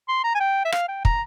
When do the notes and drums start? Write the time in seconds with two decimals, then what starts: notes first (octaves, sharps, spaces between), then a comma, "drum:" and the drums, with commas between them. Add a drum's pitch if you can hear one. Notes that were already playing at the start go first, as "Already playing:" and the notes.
0.08 C6
0.24 A#5
0.35 G#5
0.40 G5
0.65 E5
0.72 F5, drum: rim click
0.89 G5
1.05 A#5, drum: kick